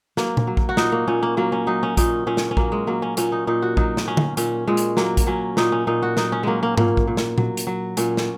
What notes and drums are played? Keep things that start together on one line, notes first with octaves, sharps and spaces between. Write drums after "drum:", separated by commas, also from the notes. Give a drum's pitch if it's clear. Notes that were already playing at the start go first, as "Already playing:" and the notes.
F#3 A#3, drum: snare
drum: tom A#2
F#3
drum: kick A#1
F#4
A#2 D#4, drum: snare
A#3
A#2 C#4
A#3
F#3 A#3
C#4
F#3 D#4
C#4
A#2 D#4, drum: kick A#1, hi-hat
A#2 C#4
drum: snare
C#4
F#3 A#3, drum: kick A#1
G#3
F#3 A#3
C#4
A#2 C#4, drum: hi-hat
D#4
A#2 D#4
F#4
F#3 D#4, drum: kick A#1
drum: snare
F#3 C#4
drum: tom D3
A#2 C#4, drum: hi-hat
A#2 G#3
drum: hi-hat
F#3 A#3, drum: snare
drum: kick A#1, hi-hat
F#3 C#4
A#2 D#4, drum: snare
C#4
A#2 D#4
F#4
F#3 D#4, drum: snare
C#4
F#3 G#3 A#3
A#3
A#2 A#3, drum: tom G#2
drum: kick A#1
A#2
drum: snare
F#3, drum: tom A#2
drum: hi-hat
F#3
A#2 C#4, drum: hi-hat
drum: snare